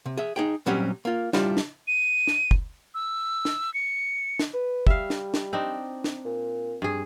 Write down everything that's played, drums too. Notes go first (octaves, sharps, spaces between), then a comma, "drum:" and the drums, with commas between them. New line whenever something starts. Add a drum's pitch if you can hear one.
C3
G#4 E5
D#4 G#4 G5
A#2 F#3 G3 C4 C#4 G4
A#3 F4
G3 D4 E4 F4 C5, drum: snare
drum: snare
D#7
drum: snare
drum: kick
E6
drum: snare
C#7
drum: snare
B4
G3 E5 F5, drum: kick
drum: snare
drum: snare
C4 D4 D#4
drum: snare
A#2
G2 G#4